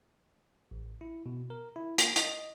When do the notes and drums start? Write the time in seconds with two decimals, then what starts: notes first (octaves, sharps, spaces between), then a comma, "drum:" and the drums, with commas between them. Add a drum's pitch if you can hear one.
0.71 A1
1.01 E4
1.26 B2
1.50 A#4
1.76 E4
1.98 A#3, drum: hi-hat
2.16 D#5, drum: hi-hat